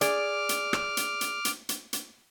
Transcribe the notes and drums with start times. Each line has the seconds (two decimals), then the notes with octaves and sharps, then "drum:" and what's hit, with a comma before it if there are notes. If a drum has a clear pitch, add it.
0.01 G#4 D5 D6 F6, drum: hi-hat
0.49 drum: hi-hat
0.73 drum: rim click
0.97 drum: hi-hat
1.21 drum: hi-hat
1.45 drum: hi-hat
1.69 drum: hi-hat
1.93 drum: hi-hat